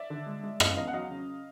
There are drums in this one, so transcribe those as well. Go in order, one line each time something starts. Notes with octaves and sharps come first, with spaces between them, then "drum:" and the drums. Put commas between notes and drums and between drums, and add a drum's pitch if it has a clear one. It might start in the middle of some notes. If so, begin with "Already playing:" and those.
Already playing: D5 E5
D3
G#3
G#3
C#3 D#5 F5, drum: rim click
E2 D#5 F5
F#5
F#3 D#5 F5
C#3